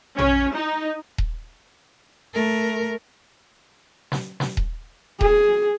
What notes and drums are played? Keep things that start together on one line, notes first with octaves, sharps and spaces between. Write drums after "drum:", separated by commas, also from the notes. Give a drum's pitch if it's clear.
C#4, drum: tom A#1
D#4
drum: kick D#1
A3 A#4
drum: snare
drum: snare
drum: kick D#1
G#4, drum: kick D#1